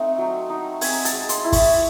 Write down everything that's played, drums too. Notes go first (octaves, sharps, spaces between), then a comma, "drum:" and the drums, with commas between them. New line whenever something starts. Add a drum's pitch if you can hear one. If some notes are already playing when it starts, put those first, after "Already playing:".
Already playing: A3 C4 D#4
F#3
D#4
C4 G#5, drum: open hi-hat
A5, drum: hi-hat
G#3
C6, drum: hi-hat
E4
C#6, drum: kick, open hi-hat